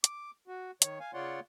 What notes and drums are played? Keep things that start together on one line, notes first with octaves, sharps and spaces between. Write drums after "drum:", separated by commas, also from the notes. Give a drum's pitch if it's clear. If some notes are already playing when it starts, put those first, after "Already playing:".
D6, drum: hi-hat
F#4
D#3 C#5, drum: hi-hat
F5 G#5
C#3 F4 C#5 D5 F#5 C6